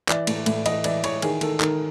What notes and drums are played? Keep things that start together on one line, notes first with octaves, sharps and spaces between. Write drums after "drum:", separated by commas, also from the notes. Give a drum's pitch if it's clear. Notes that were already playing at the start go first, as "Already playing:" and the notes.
E3 D5, drum: clap
A2, drum: cymbal
A2, drum: cymbal
E3 D#5, drum: cymbal
E3 D5, drum: cymbal
E3 C#5, drum: cymbal
D#3 G#4, drum: cymbal
D#3 A4, drum: cymbal
D#3 A#4, drum: clap